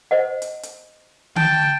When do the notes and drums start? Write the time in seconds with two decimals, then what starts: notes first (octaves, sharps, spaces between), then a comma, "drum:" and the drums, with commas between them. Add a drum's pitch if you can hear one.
0.11 C5 D#5 F#5
0.42 drum: hi-hat
0.63 drum: hi-hat
1.36 G5 A5, drum: tom D3